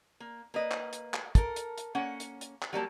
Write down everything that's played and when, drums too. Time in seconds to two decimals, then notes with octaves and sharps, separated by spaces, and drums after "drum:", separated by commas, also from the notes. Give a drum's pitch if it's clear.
0.20 A#3
0.54 A#3 B4 D#5
0.71 drum: clap
0.93 drum: hi-hat
1.14 drum: clap
1.35 A4 A#4, drum: kick, hi-hat
1.56 drum: hi-hat
1.78 drum: hi-hat
1.95 A#3 C#4 F#5
2.20 drum: hi-hat
2.41 drum: hi-hat
2.62 drum: clap
2.73 F#3 G3 A#3 A5